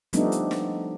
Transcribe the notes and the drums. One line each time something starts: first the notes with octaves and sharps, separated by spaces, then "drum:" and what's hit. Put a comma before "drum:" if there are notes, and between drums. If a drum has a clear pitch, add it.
F3 G3 A3 B3 D4 D#4, drum: hi-hat
drum: hi-hat
drum: snare